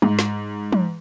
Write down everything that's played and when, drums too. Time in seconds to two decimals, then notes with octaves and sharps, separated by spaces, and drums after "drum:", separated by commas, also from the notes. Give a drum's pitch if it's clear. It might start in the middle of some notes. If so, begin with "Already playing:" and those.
0.02 G#2, drum: tom
0.19 drum: snare
0.72 drum: tom